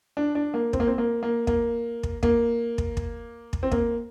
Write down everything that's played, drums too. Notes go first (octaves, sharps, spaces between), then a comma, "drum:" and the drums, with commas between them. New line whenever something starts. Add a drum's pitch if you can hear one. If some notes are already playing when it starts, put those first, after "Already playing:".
D4
D4
A#3
C4, drum: kick
A#3
C4
A#3
A#3
A#3, drum: kick
drum: kick
A#3, drum: kick
drum: kick
drum: kick
drum: kick
C4
A#3, drum: kick